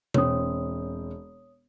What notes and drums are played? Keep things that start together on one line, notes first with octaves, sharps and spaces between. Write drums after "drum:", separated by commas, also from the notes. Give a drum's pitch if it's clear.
E1 C4 C#5 D#6, drum: tom B2